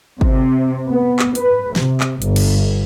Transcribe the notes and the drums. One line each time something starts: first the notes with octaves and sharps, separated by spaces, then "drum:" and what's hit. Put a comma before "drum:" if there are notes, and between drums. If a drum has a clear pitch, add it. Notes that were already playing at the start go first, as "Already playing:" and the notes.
C3, drum: kick
B3
drum: clap
B4, drum: hi-hat
C3, drum: snare
drum: clap
G1, drum: hi-hat
drum: cymbal